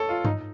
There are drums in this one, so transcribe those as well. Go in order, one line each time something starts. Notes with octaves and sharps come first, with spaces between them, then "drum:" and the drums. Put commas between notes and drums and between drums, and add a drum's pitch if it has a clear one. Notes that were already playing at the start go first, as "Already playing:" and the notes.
Already playing: A4 C#5
F4
D#4, drum: tom G2